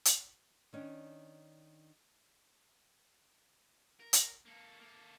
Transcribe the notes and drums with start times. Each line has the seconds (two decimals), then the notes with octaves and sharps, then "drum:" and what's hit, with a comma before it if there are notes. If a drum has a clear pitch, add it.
0.05 drum: hi-hat
0.73 D#3 C#4 D4
4.00 A#4
4.13 drum: hi-hat
4.45 A#3 A4
4.79 A#3 A4